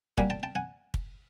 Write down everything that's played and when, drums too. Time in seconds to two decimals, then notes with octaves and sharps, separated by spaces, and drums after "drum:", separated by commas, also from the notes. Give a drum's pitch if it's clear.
0.18 A#2 G3 A#3 F#5 G#5, drum: kick
0.30 G5 A5
0.43 G5 A5
0.55 F#5 G#5
0.94 drum: kick